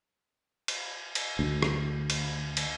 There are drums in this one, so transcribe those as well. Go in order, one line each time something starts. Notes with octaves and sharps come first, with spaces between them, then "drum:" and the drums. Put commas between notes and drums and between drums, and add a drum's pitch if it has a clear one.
drum: cymbal
drum: cymbal
D2
drum: rim click
drum: cymbal
drum: cymbal